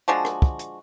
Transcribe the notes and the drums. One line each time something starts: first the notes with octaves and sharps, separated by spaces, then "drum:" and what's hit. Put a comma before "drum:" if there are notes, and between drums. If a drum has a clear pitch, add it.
F3 G#3 D4 F#4
drum: rim click
drum: kick
drum: hi-hat